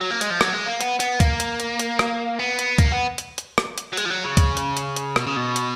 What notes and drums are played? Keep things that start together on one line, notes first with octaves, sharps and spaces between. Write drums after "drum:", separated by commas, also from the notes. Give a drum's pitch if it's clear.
F#3
A#3
G#3, drum: hi-hat
F3
F#3, drum: rim click
G#3
A#3
B3, drum: hi-hat
B3, drum: hi-hat
A#3, drum: kick C#2, hi-hat
drum: hi-hat
drum: hi-hat
drum: hi-hat
drum: rim click
B3
drum: hi-hat
A#3, drum: kick C#2, hi-hat
B3
drum: hi-hat
drum: hi-hat
drum: rim click
drum: hi-hat
F#3
G#3, drum: hi-hat
F3
F#3
C#3
drum: kick C#2, hi-hat
drum: hi-hat
drum: hi-hat
drum: hi-hat
B2, drum: rim click
C#3
B2
drum: hi-hat